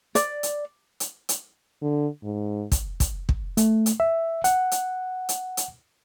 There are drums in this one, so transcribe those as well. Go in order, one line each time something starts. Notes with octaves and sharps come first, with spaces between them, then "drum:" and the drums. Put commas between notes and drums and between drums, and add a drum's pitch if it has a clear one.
D5, drum: hi-hat
drum: hi-hat
drum: hi-hat
drum: hi-hat
D3
G#2
drum: kick, hi-hat
drum: kick, hi-hat
drum: kick
A3, drum: hi-hat
drum: hi-hat
E5
F#5, drum: hi-hat
drum: hi-hat
drum: hi-hat
drum: hi-hat